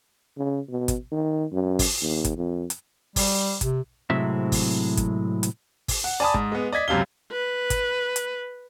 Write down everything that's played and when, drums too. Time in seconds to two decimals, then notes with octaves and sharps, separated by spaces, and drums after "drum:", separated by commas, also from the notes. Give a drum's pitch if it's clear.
0.38 C#3
0.69 B2
0.88 drum: kick, hi-hat
1.12 D#3
1.53 F#2
1.79 drum: kick, open hi-hat
2.02 D#2
2.24 drum: kick, hi-hat
2.37 F2
2.70 drum: hi-hat
3.16 G3, drum: kick, open hi-hat
3.61 C3, drum: kick, hi-hat
4.10 A2 C3 F#3 G#3 C4 E5
4.52 drum: kick, open hi-hat
4.97 drum: kick, hi-hat
5.43 drum: hi-hat
5.88 drum: kick, open hi-hat
6.04 F#5
6.20 D5 G#5 A5 B5 D#6
6.34 G#2, drum: kick
6.52 G#3 B3
6.73 D5 D#5 G#6 B6
6.88 C#2 F#2 C3 F5 G7
7.32 B4
7.70 drum: kick, hi-hat
8.16 drum: hi-hat